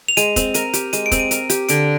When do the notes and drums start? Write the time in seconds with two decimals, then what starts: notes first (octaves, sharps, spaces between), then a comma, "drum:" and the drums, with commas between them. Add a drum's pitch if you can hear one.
0.08 F7
0.17 G#3 D#7, drum: hi-hat
0.36 C4, drum: kick, hi-hat
0.54 A#4 D#7, drum: hi-hat
0.73 G4, drum: hi-hat
0.93 G#3 D#7, drum: hi-hat
1.06 D7
1.11 C4, drum: kick, hi-hat
1.20 D#7
1.31 A#4, drum: hi-hat
1.50 G4, drum: hi-hat
1.69 D3 D7, drum: hi-hat